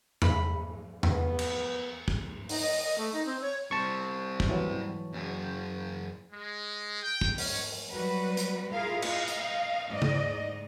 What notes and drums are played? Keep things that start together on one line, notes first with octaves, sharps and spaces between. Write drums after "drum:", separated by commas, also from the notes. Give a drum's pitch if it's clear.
B5, drum: tom E2
B3, drum: tom E2
drum: cymbal
drum: kick
D#4, drum: open hi-hat
D#5
D#5
A3
D#4
C4
C#5
G3 C4 A5 C#6
drum: kick
E3 F#3
F#2 G#4
G#3
G5
drum: kick
C#4, drum: open hi-hat
F#3 G3 F#4 B4
drum: hi-hat
E4 F4 G#4 A#4 F5
D#5 F5, drum: cymbal
drum: hi-hat
G#2 D5 D#5
drum: tom C#3